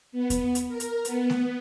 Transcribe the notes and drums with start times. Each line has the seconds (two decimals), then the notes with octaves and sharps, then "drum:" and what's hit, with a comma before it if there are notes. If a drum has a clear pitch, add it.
0.12 B3
0.30 drum: kick E2, hi-hat
0.55 drum: hi-hat
0.69 A#4
0.80 drum: hi-hat
1.05 B3, drum: hi-hat
1.30 drum: snare A3